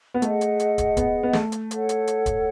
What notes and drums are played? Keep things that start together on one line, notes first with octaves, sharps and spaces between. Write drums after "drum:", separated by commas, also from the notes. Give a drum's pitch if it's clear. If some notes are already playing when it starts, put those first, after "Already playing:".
B3
A3 G#4 D#5 F#5, drum: hi-hat
drum: hi-hat
drum: hi-hat
drum: kick, hi-hat
B3, drum: kick, hi-hat
B3
A3, drum: snare
drum: hi-hat
A4 C#5 F#5, drum: hi-hat
drum: hi-hat
drum: hi-hat
drum: kick, hi-hat